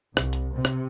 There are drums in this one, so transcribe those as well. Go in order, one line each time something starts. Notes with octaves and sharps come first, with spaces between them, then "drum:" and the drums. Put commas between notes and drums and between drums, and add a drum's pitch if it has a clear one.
C2, drum: rim click
drum: hi-hat
C3
drum: rim click